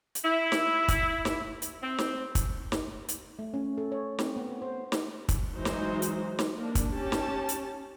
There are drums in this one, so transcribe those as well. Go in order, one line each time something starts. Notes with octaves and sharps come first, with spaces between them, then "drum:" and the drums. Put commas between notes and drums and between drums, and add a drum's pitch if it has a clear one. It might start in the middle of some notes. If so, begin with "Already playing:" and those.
drum: hi-hat
E4
drum: snare
drum: kick, hi-hat
drum: snare
drum: hi-hat
C4
drum: snare
drum: kick, hi-hat
drum: snare
drum: hi-hat
A3
C#4
A4
C#5
C4, drum: snare
B3
C5
drum: snare
drum: kick, hi-hat
E3 F#3 G#3 D#4 F#4 C5
drum: snare
drum: hi-hat
drum: snare
A#3 D4
drum: kick, hi-hat
C#4 G4 C#5 A5
drum: snare
drum: hi-hat